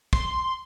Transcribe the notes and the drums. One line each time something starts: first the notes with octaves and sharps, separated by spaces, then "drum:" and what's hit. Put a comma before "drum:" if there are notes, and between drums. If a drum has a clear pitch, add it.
C6, drum: kick